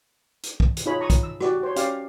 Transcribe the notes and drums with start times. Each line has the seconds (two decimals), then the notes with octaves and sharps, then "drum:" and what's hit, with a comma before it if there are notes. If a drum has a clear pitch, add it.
0.43 drum: hi-hat
0.60 drum: kick
0.77 drum: hi-hat
0.86 D#4 F4 G#4 C#5 B5
1.00 A#5 C#6 D#6
1.10 drum: kick, hi-hat
1.23 E6
1.41 F#4 G4 D5, drum: rim click
1.63 C5 C#5
1.76 C#4 G4 D5 F5, drum: hi-hat